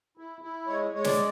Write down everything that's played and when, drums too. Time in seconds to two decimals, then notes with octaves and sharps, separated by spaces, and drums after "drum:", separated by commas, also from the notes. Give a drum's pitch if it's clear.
0.17 E4
0.41 E4
0.67 G#3 C#5
0.91 G#3 C#5
1.04 D5, drum: snare